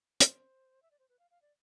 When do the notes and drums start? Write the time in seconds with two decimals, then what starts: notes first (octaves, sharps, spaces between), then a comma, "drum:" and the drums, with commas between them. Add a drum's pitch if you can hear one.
0.20 C5, drum: hi-hat
0.82 E5
0.91 D5
0.99 C5
1.09 B4
1.19 F5
1.31 F5
1.42 D5